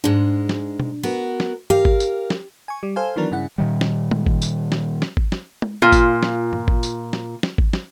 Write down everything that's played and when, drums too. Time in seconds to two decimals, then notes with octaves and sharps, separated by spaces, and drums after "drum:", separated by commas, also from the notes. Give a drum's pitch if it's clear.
0.04 G#2 G#3 D4
0.49 drum: snare
0.80 drum: tom B2
1.03 B3 F#4 A#4
1.40 drum: snare
1.70 G4 A#4 F5, drum: tom G2
1.85 drum: kick G#1
2.00 drum: tambourine
2.30 drum: snare
2.68 G#5 C#6
2.83 G3
2.96 A4 C5 F5 G#5
3.16 D#3 E3 F#3 B3 D4 A#4
3.31 G2 C#3 E4 F#5
3.58 A#2 D#3 G3
3.81 drum: snare
4.11 drum: tom G#3
4.26 drum: kick G#1
4.42 drum: tambourine
4.72 drum: snare
5.02 drum: snare
5.17 drum: kick G#1
5.32 drum: snare
5.62 drum: tom G#3
5.82 A#2 F4
5.92 drum: kick G#1, tambourine
6.23 drum: snare
6.53 drum: tom G2
6.68 drum: kick G#1
6.83 drum: tambourine
7.13 drum: snare
7.43 drum: snare
7.58 drum: kick G#1
7.73 drum: snare